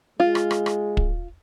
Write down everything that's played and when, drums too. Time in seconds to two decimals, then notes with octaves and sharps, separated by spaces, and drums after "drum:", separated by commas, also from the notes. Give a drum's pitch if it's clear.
0.20 G#3 F4
0.35 drum: rim click
0.51 drum: rim click
0.66 drum: rim click
0.97 drum: kick